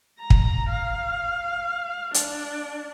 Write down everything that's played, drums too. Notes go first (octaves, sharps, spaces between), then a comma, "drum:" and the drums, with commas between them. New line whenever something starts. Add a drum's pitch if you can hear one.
A#5
drum: kick
F5
D4, drum: hi-hat